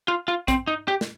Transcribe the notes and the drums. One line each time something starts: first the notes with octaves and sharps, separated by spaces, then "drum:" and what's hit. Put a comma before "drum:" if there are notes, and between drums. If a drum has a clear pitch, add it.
F4
F4
C4, drum: kick, hi-hat
D#4
G4
drum: snare